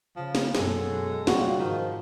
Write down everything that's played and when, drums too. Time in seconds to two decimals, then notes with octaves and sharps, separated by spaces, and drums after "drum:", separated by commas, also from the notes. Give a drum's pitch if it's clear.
0.16 C#3 F3
0.35 drum: snare
0.55 F#2 B2 G#3 A4, drum: snare
1.27 C#3 G3 F4 F#4, drum: snare
1.59 G#2 D#3 F3